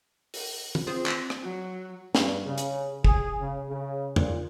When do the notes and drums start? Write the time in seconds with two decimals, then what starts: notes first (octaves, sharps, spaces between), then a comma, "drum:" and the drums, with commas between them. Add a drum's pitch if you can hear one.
0.34 drum: open hi-hat
0.75 drum: tom
0.87 C4 F4 G#4 C5
1.06 drum: clap
1.30 drum: rim click
1.43 F#3
2.15 G2, drum: snare
2.46 C#3
2.58 drum: hi-hat
3.05 G#4, drum: kick
3.40 C#3
3.69 C#3
4.16 A#2, drum: tom E2